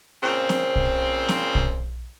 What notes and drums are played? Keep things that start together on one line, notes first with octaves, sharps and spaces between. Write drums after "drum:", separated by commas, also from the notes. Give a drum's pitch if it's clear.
A#2 C#3 C4
drum: snare C4
drum: kick
drum: snare C4
drum: kick